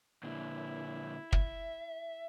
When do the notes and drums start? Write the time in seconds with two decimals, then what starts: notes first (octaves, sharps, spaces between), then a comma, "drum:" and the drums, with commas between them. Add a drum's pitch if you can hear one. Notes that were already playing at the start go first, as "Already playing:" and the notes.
0.23 A#2 D3 E4
1.33 E5, drum: kick